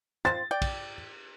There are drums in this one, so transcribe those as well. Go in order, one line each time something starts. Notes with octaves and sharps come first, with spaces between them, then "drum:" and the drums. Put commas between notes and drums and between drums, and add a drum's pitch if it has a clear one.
C4 F4 C5 A6
D5 G5
drum: kick, cymbal